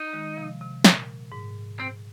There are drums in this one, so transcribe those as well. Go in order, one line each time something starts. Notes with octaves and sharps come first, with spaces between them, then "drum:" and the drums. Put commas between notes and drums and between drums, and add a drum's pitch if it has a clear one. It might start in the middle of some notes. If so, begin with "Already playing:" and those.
Already playing: D#4
D#3 G#3
C3 F3
C3
A#2, drum: snare
G#2
C4